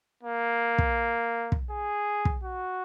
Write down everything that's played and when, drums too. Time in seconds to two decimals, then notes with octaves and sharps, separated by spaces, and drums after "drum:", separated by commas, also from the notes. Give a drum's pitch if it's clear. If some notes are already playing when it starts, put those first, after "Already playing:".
0.23 A#3
0.78 drum: kick
1.52 drum: kick
1.71 G#4
2.25 drum: kick
2.43 F#4